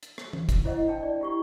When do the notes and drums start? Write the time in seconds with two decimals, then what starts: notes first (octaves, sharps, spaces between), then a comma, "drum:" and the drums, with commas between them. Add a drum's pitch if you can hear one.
0.03 drum: hi-hat
0.18 drum: rim click
0.33 drum: tom
0.49 drum: kick, hi-hat
0.64 E4 C5 D#5 F#5
0.88 D4 G5 A5
1.03 D5
1.21 E4 G4 C#6